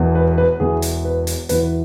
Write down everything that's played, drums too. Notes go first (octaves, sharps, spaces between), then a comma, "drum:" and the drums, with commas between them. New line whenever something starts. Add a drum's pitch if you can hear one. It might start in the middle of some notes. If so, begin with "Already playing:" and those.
Already playing: E1 E2 E3
B4
B4
E1 E2 E3 G#4
drum: hi-hat
B4
drum: hi-hat
E1 E2 E3 B4, drum: hi-hat